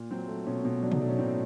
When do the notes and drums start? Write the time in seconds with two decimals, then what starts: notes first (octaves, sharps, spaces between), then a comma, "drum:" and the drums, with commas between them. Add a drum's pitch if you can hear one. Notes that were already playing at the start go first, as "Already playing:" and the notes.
Already playing: A#2
0.11 F#3 C4
0.28 A3
0.47 B2 C#4
0.65 B2
0.83 F#3 D4
0.92 D#4, drum: tom
1.00 A3 D4
1.09 C#4
1.18 A2 C4